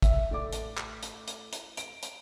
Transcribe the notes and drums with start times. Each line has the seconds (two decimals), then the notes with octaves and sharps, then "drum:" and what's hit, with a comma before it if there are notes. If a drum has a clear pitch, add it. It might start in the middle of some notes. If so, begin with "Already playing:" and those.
0.02 E5, drum: kick, hi-hat
0.31 A2 D5 D6
0.53 drum: hi-hat
0.78 drum: clap
1.03 drum: hi-hat
1.28 drum: hi-hat
1.53 drum: hi-hat
1.77 D7, drum: hi-hat
2.03 drum: hi-hat